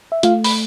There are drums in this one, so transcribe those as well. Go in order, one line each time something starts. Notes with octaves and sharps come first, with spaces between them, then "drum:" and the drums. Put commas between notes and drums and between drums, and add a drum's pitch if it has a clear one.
E5
A3 F4 F5, drum: hi-hat
B5, drum: open hi-hat